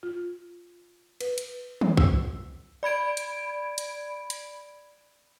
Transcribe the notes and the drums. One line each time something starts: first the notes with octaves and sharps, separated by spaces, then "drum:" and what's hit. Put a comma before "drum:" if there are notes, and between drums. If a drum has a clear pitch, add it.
F4
B4, drum: cymbal
drum: hi-hat
drum: tom
E6, drum: kick
D5 B5 G#6 D7
drum: hi-hat
drum: hi-hat
drum: hi-hat